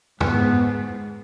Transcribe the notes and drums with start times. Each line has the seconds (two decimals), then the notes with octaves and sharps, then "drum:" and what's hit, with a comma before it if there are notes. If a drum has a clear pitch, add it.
0.21 G#2 B3, drum: tom